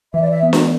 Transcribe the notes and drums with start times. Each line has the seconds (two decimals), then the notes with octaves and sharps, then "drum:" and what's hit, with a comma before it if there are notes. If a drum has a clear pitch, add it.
0.13 E3 E5
0.22 D5
0.30 E5
0.43 B3
0.53 drum: snare D4